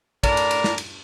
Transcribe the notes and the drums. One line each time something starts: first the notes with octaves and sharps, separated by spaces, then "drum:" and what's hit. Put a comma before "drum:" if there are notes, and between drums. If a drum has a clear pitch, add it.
A2 D4 A#4 D5, drum: kick, cymbal
drum: cymbal
drum: cymbal
drum: snare
drum: cymbal